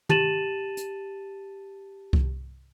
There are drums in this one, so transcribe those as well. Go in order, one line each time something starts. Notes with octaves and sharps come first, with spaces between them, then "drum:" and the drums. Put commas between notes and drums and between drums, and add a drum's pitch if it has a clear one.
G4 A5 A6 D#7 E7 F#7, drum: tom
drum: hi-hat
drum: kick C2